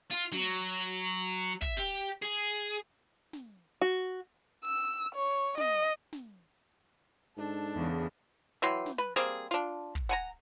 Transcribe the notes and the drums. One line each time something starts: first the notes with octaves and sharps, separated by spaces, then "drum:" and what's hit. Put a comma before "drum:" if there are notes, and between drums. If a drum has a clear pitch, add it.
F4
F#3, drum: snare
drum: hi-hat
E5, drum: kick
G4
drum: hi-hat
G#4
drum: snare
F#4
E6, drum: hi-hat
C#5
drum: hi-hat
D#5, drum: snare
drum: snare
G#2 D4 A4
E2 C#3
E3 F#3 G5 C6
drum: snare
B4
G3 A#3 C4 G#4, drum: hi-hat
D4 F4
drum: kick
F#5 G#5 A#5, drum: hi-hat